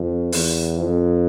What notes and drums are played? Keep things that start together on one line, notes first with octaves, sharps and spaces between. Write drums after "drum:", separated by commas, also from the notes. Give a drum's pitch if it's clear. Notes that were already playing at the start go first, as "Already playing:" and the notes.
Already playing: F2
E2, drum: open hi-hat
F2